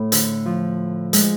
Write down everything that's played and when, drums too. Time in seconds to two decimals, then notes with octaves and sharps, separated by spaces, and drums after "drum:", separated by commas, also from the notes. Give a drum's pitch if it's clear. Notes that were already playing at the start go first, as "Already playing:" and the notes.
Already playing: A2
0.12 D3, drum: hi-hat
0.46 F3
1.13 G#3, drum: hi-hat